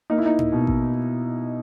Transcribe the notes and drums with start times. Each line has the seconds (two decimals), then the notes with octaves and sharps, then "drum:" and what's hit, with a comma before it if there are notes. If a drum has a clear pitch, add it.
0.10 A#3 D#4
0.18 E4
0.26 D#4
0.39 drum: tom A2
0.52 B2
0.67 drum: kick A1